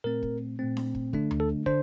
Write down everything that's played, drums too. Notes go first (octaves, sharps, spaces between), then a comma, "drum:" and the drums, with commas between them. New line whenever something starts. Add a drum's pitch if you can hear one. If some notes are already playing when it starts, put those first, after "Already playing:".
A#2 A3 C4 A#4
drum: kick
A#2 A3 C4
drum: snare D4
drum: kick
D3 A3 D4, drum: kick
drum: tom D2
A4
D3 D4 C5, drum: kick